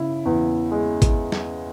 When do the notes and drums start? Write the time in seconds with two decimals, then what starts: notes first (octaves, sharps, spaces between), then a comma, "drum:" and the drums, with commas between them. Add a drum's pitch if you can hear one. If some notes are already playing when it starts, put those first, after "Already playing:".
Already playing: C#3 E4
0.25 E2
0.71 G#3
1.02 drum: kick, hi-hat
1.32 drum: snare